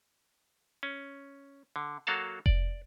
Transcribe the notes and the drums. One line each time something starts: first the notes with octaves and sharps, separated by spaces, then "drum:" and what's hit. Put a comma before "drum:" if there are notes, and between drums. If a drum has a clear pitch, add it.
C#4
D3
F#3 A#3 F#4 A4 F5 A5
D5, drum: kick F1